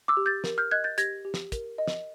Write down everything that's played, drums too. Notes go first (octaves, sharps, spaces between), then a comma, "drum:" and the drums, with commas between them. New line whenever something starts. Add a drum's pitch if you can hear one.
D6 E6
G4
G6 A6
A#4, drum: snare
F6 G6
D#5 F#6 G#6
G6 A6
G4 G#6 A#6, drum: hi-hat
G4
drum: snare
A#4, drum: kick, hi-hat
D#5
drum: snare